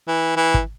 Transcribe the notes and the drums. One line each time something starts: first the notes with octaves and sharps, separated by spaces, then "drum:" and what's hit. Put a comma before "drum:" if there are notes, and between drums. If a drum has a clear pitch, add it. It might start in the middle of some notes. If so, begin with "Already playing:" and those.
E3
E3
drum: kick